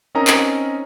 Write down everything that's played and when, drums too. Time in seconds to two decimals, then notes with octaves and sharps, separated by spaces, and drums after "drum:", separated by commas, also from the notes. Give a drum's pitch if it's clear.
0.15 C4 C#4 D#4 A#4 D#5 A#5
0.27 drum: clap